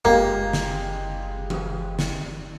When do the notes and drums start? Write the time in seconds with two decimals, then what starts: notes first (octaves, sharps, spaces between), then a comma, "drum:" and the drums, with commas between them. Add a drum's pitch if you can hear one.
0.05 F#1 G#3 A#3 F4 G4, drum: tom F2
0.53 drum: snare
1.50 drum: tom E3
1.99 drum: snare